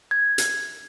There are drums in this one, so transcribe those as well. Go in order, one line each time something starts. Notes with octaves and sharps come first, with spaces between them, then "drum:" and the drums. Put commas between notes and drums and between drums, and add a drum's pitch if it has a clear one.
G#6
drum: hi-hat